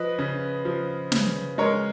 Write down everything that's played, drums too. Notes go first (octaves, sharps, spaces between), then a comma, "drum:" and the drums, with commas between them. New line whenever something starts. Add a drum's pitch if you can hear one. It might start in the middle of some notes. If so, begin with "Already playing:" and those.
Already playing: F3 B4 D#5
C#3
F3
C#3, drum: snare
G#3 A#4 C#5